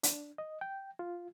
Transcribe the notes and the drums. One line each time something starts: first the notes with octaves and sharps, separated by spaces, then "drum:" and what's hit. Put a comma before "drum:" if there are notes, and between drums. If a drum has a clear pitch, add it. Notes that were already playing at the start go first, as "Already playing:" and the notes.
D4, drum: hi-hat
D#5
G5
F4